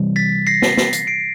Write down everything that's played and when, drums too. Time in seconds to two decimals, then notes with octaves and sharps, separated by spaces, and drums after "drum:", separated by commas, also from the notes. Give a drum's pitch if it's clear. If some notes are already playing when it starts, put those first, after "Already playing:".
Already playing: C3 E3 G3
0.16 A6 B6
0.47 A#6 C7
0.62 drum: snare
0.77 drum: snare
0.93 drum: hi-hat
1.07 C7 D7